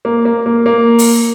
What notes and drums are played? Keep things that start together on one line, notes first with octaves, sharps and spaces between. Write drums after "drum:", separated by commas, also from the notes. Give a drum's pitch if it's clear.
A#3
A#3
A#3
A#3
drum: open hi-hat